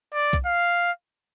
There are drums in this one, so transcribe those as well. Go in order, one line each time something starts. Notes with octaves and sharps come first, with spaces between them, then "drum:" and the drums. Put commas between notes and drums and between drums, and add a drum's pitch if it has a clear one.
D5
drum: kick B1
F5